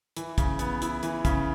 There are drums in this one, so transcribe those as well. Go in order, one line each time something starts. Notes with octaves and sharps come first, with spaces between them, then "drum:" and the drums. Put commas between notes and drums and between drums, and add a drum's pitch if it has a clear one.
E3, drum: hi-hat
C#3, drum: kick, hi-hat
B3, drum: hi-hat
E4, drum: hi-hat
E3, drum: hi-hat
C#3, drum: kick, hi-hat